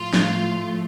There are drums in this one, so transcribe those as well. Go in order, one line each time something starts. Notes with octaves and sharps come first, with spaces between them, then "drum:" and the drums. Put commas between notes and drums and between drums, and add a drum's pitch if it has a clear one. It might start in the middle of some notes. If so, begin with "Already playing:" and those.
Already playing: A2 F3 A3 F4
drum: snare